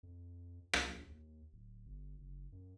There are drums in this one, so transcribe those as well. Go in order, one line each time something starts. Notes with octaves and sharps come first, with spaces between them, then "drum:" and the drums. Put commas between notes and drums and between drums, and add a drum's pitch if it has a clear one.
F2
D#2, drum: rim click
D#2
D1
G1
F#1
F#2